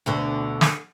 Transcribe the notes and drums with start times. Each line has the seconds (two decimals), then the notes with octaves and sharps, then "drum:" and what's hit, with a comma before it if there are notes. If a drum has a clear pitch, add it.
0.06 D2 B2 D3
0.61 drum: snare